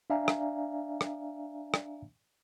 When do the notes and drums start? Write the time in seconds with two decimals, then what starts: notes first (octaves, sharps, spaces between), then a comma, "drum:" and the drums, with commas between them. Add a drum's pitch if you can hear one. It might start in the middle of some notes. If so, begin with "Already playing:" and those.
0.10 D4 D5 E5 F5 G#5 A#5
0.28 drum: rim click
1.01 drum: rim click
1.74 drum: rim click